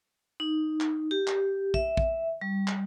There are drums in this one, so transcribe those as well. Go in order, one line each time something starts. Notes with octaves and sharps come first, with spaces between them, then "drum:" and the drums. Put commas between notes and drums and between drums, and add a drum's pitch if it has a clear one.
D#4
drum: clap
G4
drum: clap
E5, drum: kick
drum: kick
G3
drum: clap